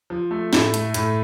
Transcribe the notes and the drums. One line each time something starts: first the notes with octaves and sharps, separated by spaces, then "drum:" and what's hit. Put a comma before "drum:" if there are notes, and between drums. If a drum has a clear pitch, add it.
F3
A3
A2, drum: snare
A3, drum: hi-hat
A2, drum: hi-hat